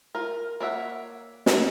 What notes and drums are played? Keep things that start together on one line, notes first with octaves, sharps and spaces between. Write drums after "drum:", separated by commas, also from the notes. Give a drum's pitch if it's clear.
F4 A#4
A#3 C#5 E5 F#5
drum: snare